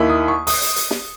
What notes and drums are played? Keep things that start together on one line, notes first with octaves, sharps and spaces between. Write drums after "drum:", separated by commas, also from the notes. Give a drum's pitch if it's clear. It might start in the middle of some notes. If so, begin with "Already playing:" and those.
Already playing: D#2 D#3 A#3 E4
D#6
C#6
D#6, drum: open hi-hat
drum: hi-hat
drum: hi-hat
drum: snare